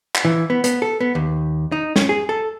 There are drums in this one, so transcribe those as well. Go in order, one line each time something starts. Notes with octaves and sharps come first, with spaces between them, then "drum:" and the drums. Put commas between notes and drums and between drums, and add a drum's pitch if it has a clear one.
drum: clap
E3
B3
B3, drum: hi-hat
A4
B3
D#2
D#4
C#4, drum: snare
G#4
A4